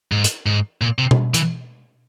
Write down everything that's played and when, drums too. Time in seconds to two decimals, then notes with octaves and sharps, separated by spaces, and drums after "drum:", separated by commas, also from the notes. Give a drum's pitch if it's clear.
0.12 G#2
0.24 drum: hi-hat
0.46 G#2
0.81 A#2
0.98 C3
1.11 drum: tom B2
1.34 E3, drum: hi-hat